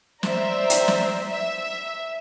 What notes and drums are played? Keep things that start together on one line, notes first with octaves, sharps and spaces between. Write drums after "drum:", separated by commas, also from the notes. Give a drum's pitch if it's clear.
C5 D5 E5 A#5, drum: snare
drum: hi-hat
drum: snare
E5